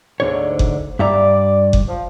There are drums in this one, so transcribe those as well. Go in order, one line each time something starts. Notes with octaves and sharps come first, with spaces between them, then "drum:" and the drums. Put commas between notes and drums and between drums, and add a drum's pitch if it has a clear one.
D2 G#2 D3 C#5
drum: kick F#1
G2 D5 E5 A#5
drum: kick F#1
F3